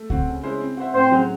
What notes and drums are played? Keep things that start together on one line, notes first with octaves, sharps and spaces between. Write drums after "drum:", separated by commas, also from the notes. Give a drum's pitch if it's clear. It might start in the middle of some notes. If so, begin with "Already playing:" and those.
Already playing: A3
C4 F#4, drum: kick C#2
C#3
G#3 C#4 E4 C5
C4
F#4 C5 E5
A2 C4 C5
F#3 C#4 G#4